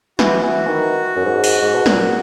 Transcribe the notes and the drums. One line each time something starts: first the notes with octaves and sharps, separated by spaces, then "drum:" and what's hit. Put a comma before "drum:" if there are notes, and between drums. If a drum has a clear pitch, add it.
E3 F#4, drum: snare
E3
D#3
F#2
G#2
drum: open hi-hat
G#2
B2
A#2, drum: snare